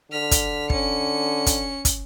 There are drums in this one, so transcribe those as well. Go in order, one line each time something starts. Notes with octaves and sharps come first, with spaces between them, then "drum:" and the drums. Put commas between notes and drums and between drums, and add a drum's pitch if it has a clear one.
D3 F6 B6
drum: kick, hi-hat
C#4 C#7, drum: kick
drum: kick, hi-hat
drum: kick, hi-hat